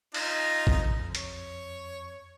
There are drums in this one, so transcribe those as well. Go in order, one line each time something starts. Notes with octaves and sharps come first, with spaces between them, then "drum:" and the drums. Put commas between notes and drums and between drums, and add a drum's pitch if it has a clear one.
D#4 F4 D#5, drum: cymbal
F2, drum: kick
C#5, drum: hi-hat